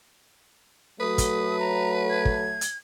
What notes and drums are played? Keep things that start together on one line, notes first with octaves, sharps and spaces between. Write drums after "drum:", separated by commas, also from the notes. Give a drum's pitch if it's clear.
F#3 A3 B4 D#6
drum: kick, hi-hat
A#5
G#6
drum: kick
drum: hi-hat